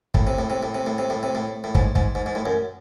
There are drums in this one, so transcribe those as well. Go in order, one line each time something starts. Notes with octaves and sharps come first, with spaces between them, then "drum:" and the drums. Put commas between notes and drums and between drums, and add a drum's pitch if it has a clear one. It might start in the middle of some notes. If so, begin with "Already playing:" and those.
A2, drum: kick
C3
A2
C3
A2
C3
A2
C3
A2
C3
A2
A2
G#2, drum: kick
G#2, drum: kick
G#2
G#2
A2
F#2